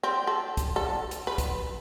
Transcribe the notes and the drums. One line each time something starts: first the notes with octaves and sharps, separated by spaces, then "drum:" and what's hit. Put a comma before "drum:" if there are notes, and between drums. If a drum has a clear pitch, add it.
C4
A4
drum: kick, hi-hat
A4
drum: hi-hat
B4
drum: kick, hi-hat